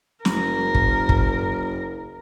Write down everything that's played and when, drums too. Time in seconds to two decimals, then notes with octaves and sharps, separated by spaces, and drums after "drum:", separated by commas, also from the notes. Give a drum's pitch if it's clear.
0.25 F#1 A#4, drum: snare
0.75 drum: kick
1.09 drum: kick